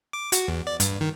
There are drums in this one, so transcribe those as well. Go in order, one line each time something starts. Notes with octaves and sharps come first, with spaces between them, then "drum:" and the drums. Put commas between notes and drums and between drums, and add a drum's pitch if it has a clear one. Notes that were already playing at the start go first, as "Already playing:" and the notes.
D6
F#4, drum: hi-hat
E2
D5
G2, drum: hi-hat
D#3